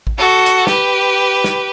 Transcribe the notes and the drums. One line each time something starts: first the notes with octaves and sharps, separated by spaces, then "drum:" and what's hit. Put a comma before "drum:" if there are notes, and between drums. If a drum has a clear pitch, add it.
drum: kick A1
F#4 A4
drum: hi-hat
G4 B4, drum: snare
drum: snare